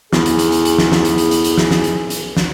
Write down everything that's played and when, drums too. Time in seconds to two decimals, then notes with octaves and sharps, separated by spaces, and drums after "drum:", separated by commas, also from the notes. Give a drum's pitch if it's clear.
0.13 E2 G#4, drum: snare
0.26 drum: hi-hat
0.39 drum: hi-hat
0.52 drum: hi-hat
0.65 drum: hi-hat
0.78 drum: snare
0.92 drum: snare
1.05 drum: hi-hat
1.18 drum: hi-hat
1.31 drum: hi-hat
1.44 drum: hi-hat
1.58 drum: snare
1.71 drum: snare
1.84 drum: hi-hat
2.10 drum: hi-hat
2.37 drum: snare